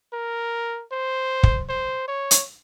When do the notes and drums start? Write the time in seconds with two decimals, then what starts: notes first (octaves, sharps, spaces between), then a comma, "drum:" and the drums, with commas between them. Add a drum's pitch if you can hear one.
0.13 A#4
0.92 C5
1.43 drum: kick
1.69 C5
2.08 C#5
2.31 drum: hi-hat